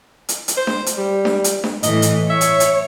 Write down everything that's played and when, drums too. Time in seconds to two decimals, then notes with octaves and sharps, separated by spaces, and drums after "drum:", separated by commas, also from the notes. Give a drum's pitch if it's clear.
0.29 drum: hi-hat
0.48 drum: hi-hat
0.57 C5
0.67 drum: snare D4
0.86 drum: hi-hat
0.97 G3
1.25 drum: snare D4
1.44 drum: hi-hat
1.64 drum: snare D4
1.83 A2 E3 D#5, drum: hi-hat
2.02 drum: hi-hat
2.29 C#5 E5
2.41 drum: hi-hat
2.60 drum: hi-hat